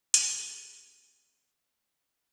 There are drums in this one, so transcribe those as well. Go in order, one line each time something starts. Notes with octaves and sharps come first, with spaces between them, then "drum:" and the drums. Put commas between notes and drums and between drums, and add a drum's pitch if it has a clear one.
C4 D#4 G4 G#4 A#4 D5, drum: hi-hat